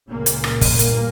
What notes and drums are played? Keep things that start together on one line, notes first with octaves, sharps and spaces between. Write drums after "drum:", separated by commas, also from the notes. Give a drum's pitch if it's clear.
C#2 A#2 C#3 A#3
drum: hi-hat
drum: rim click
drum: kick, open hi-hat
G1 G2, drum: hi-hat